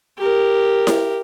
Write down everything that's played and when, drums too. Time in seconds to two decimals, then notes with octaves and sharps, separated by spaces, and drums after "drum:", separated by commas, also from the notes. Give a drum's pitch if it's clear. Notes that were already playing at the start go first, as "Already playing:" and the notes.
0.18 G4 A#4
0.87 drum: snare E4